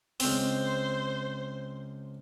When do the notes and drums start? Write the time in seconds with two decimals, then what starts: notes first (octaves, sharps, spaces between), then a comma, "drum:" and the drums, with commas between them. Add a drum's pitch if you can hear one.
0.20 C#2 C4 C5, drum: open hi-hat